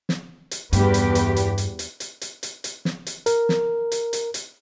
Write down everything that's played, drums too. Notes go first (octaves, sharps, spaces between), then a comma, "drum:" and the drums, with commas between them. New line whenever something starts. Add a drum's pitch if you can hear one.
drum: snare
drum: hi-hat
E2 G2 G4 B4, drum: hi-hat
drum: hi-hat
drum: hi-hat
drum: hi-hat
drum: hi-hat
drum: hi-hat
drum: hi-hat
drum: hi-hat
drum: hi-hat
drum: hi-hat
drum: snare
drum: hi-hat
A#4, drum: hi-hat
drum: snare
drum: hi-hat
drum: hi-hat
drum: hi-hat